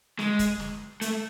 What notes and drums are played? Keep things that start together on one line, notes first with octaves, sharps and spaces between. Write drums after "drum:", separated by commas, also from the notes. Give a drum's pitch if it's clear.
G#3, drum: snare
drum: kick, hi-hat
drum: snare
A3, drum: hi-hat